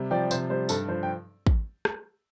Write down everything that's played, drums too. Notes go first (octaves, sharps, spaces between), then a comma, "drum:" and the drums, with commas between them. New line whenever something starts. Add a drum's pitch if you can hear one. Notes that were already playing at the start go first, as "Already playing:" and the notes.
Already playing: C3 G3
F3 D5 G5
C3 C5, drum: tambourine
G3 C5
G2 A4, drum: tambourine
F3 C5
G5
drum: kick
drum: rim click